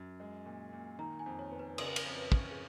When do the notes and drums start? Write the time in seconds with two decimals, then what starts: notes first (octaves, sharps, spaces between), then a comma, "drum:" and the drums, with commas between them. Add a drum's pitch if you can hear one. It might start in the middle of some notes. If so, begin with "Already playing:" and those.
Already playing: F#2
0.20 G#3
0.46 A#2
0.73 A#2
0.99 D#3 A#5
1.19 G#5
1.26 F2
1.39 C#5
1.52 B3
1.59 B4
1.78 C#3 A#4, drum: cymbal
1.96 drum: cymbal
2.06 F2
2.18 B4
2.32 C#4, drum: kick
2.51 G#4